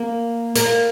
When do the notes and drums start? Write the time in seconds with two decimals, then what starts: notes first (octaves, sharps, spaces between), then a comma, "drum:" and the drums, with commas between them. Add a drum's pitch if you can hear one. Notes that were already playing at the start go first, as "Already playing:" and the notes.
Already playing: A#3
0.56 A#3, drum: hi-hat